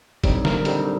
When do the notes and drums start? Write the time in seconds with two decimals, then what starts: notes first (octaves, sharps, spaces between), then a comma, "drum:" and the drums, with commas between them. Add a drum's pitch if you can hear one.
0.24 D3 G3 C4 D#4 C#5, drum: kick F1, hi-hat
0.45 A#4, drum: snare
0.65 D3 G3 C4 D#4, drum: hi-hat